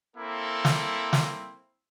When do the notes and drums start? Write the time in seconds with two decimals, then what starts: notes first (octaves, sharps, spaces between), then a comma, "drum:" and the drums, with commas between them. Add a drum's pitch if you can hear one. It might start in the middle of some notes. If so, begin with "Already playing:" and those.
0.17 A#3 C4 E4 A4
0.65 drum: snare
1.13 drum: snare